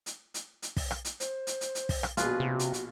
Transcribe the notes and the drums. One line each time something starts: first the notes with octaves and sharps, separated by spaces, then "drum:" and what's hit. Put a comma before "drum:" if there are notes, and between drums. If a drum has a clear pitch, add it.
drum: hi-hat
drum: hi-hat
drum: hi-hat
drum: kick, open hi-hat
drum: rim click
drum: hi-hat
C5, drum: hi-hat
drum: hi-hat
drum: hi-hat
drum: hi-hat
drum: kick, open hi-hat
drum: rim click
A#1 B2 F4 F#4 G#4 B4, drum: hi-hat
C3
drum: hi-hat
drum: hi-hat